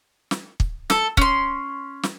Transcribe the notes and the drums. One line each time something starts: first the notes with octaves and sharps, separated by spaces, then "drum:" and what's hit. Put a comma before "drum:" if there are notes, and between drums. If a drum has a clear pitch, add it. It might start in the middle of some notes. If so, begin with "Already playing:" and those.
drum: snare
drum: kick
A4, drum: snare
C#4 C6, drum: kick
drum: snare